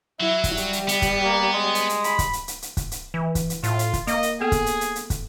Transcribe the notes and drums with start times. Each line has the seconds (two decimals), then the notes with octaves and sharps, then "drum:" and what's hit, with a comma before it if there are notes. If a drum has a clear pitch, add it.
0.20 F#3 E4
0.44 drum: kick, hi-hat
0.57 G3, drum: hi-hat
0.73 drum: hi-hat
0.89 B3, drum: hi-hat
1.02 drum: kick, hi-hat
1.24 A#3
1.53 G#3
1.75 drum: hi-hat
1.89 drum: hi-hat
2.04 B5, drum: hi-hat
2.19 drum: kick, hi-hat
2.33 drum: hi-hat
2.48 drum: hi-hat
2.62 drum: hi-hat
2.77 drum: kick, hi-hat
2.91 drum: hi-hat
3.14 E3
3.35 drum: kick, hi-hat
3.50 drum: hi-hat
3.63 A2 F4, drum: hi-hat
3.79 drum: hi-hat
3.93 drum: kick, hi-hat
4.07 A#3 D#5, drum: hi-hat
4.23 drum: hi-hat
4.41 B3 G#4 A4 G5
4.52 drum: kick, hi-hat
4.66 drum: hi-hat
4.81 drum: hi-hat
4.95 drum: hi-hat
5.10 drum: kick, hi-hat